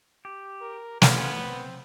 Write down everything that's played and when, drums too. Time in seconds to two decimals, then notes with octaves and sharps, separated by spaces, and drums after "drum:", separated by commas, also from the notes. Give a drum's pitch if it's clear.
0.25 G4
0.61 A#4
1.02 B3 C#4 F4, drum: snare
1.40 C4